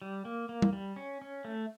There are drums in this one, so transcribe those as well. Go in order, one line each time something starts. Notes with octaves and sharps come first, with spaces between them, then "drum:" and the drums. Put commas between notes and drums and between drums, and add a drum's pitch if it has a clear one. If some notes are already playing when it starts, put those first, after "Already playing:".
G3
A#3
A#3
drum: tom G3
G3
C#4
C#4
A3